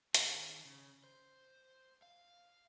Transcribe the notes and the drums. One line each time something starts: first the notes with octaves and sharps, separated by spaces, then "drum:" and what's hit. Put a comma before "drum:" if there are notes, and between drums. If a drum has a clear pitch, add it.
D#3 G#4, drum: hi-hat
C#3
C5
F5